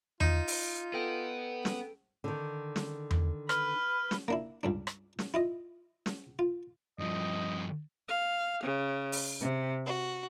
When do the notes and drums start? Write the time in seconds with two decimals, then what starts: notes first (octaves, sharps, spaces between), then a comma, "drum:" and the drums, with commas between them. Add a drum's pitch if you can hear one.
0.20 D#4 F4, drum: tom E2
0.48 drum: open hi-hat
0.94 B3 A4 G5
1.65 drum: snare
2.24 D3 D#3
2.76 drum: snare
3.11 drum: tom E2
3.49 B4 F6, drum: rim click
4.11 drum: snare
4.28 A#3 D4 E4
4.63 C#2 G2 D4
4.87 drum: rim click
5.19 drum: snare
5.34 E4 F4 D#5
6.06 drum: snare
6.39 F4
6.99 G2 F3 D#5
8.09 F5
8.62 C#3
9.12 drum: open hi-hat
9.42 C3
9.84 F#4